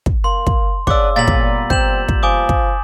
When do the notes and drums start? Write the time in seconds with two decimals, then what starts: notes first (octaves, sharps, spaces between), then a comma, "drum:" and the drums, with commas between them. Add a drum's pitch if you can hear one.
0.06 drum: kick
0.24 A#3 C6
0.47 drum: kick
0.87 C#3 D4 B4 F#5 D6 E6, drum: kick
1.16 A#2 G3 B3 A6 B6 F#7
1.28 drum: kick
1.70 C4 G6 E7 F#7, drum: kick
2.09 drum: kick
2.23 F3 G#5 D6 D#6
2.49 drum: kick